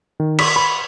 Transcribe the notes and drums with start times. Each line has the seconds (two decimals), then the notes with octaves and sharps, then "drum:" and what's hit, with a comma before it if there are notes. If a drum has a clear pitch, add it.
0.20 D#3
0.39 B6, drum: cymbal
0.56 B5